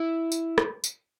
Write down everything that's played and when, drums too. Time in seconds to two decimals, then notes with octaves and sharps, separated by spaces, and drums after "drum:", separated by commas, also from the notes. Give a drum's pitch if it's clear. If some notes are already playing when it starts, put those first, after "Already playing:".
Already playing: E4
0.32 drum: tambourine
0.58 drum: rim click
0.84 drum: tambourine